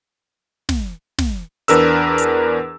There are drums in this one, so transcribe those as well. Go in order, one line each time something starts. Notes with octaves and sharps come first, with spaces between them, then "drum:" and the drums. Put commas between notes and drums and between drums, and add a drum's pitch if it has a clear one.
drum: snare
drum: snare
E2 D4 A#4 B4 E6, drum: hi-hat
drum: hi-hat